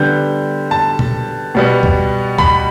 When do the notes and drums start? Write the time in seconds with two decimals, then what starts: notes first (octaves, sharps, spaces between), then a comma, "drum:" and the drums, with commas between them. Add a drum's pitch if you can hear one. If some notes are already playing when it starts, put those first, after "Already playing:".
Already playing: D3 G3 B3 G6
0.71 A5
0.99 drum: tom
1.55 B2 G3 B3
1.83 drum: kick C2
2.38 B5, drum: kick C2